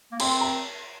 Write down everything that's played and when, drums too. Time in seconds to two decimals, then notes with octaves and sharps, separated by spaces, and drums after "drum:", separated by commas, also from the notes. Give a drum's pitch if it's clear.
0.12 A#3
0.20 C4 C6, drum: cymbal
0.41 A#5